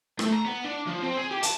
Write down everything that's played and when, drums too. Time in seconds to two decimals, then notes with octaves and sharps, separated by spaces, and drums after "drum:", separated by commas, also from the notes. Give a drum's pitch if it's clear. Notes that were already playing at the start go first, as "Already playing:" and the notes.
0.19 A3, drum: rim click
0.32 A#5
0.46 B3
0.64 D4
0.87 F3
1.02 C4
1.17 G#4
1.31 G4
1.43 A5, drum: hi-hat